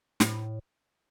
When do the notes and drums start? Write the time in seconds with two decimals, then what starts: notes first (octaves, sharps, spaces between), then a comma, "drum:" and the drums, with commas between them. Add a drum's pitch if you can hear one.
0.20 A2, drum: snare